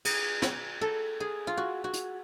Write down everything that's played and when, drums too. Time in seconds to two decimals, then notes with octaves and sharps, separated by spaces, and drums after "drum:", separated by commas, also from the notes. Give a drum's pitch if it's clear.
0.05 G#4, drum: cymbal
0.42 drum: snare
0.81 A4
1.20 G#4
1.47 F4
1.57 F#4
1.84 F#4
1.93 drum: hi-hat